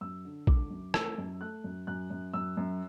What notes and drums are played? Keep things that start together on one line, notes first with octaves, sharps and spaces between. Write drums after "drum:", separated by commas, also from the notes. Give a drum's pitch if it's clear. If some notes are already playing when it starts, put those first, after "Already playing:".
F#2 E6
D3
D3 D6, drum: kick
F#2
A3 E6, drum: rim click
F#2
A3 F#6
F#2
F#2 F#6
F#2
F#2 E6
F#2